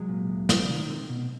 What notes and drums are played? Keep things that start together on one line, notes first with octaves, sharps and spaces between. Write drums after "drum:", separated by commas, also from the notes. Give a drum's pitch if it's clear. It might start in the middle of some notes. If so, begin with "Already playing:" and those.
Already playing: C2 F#3 G#3
A#2
D2
C3, drum: snare
D#3
C3
B2